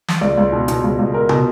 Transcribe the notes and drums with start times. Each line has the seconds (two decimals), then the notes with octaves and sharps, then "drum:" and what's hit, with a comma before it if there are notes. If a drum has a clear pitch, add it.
0.08 drum: snare
0.21 C#2 D5
0.37 C#2
0.52 B2
0.68 B2, drum: hi-hat
0.84 C#2
0.99 C#2
1.14 B2 A#4
1.29 B2, drum: tom